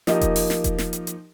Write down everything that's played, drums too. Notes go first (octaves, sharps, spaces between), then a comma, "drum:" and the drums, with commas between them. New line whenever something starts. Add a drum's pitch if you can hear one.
F3 A#3 D#4 G4 A#4 D#5, drum: snare
drum: kick E1, hi-hat
drum: open hi-hat
drum: snare
drum: kick E1, hi-hat
drum: snare
drum: hi-hat
drum: hi-hat